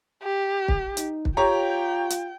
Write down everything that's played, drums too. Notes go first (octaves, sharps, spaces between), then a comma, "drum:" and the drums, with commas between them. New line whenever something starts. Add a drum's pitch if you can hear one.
G4
drum: kick
D#4, drum: hi-hat
drum: kick
F4 G4 C#5 G5 A#5
drum: hi-hat